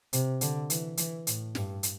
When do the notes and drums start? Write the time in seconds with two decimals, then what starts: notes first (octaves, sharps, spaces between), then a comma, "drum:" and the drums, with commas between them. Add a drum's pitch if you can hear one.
0.13 C3, drum: hi-hat
0.41 D3, drum: hi-hat
0.70 E3, drum: hi-hat
0.97 E3, drum: hi-hat
1.27 A2, drum: hi-hat
1.55 G2, drum: snare
1.83 drum: hi-hat